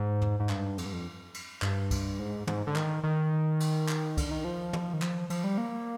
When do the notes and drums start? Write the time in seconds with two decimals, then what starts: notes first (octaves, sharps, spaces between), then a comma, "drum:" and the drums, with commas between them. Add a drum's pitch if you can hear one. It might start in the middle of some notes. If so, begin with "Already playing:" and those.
Already playing: G#2
0.21 drum: tom E2
0.40 G#2
0.49 G2, drum: clap
0.78 F2, drum: cymbal
0.85 G2
0.93 F2
1.34 drum: cymbal
1.62 G2, drum: clap
1.91 drum: kick, cymbal
2.19 G#2
2.47 G#2, drum: tom
2.67 D3
2.76 D#3, drum: clap
3.03 D#3
3.60 drum: cymbal
3.89 drum: clap
4.17 D3, drum: kick, cymbal
4.31 D#3
4.45 F3
4.73 drum: tom
4.94 D#3
5.02 F3, drum: clap
5.30 F3, drum: cymbal
5.44 G3
5.58 A#3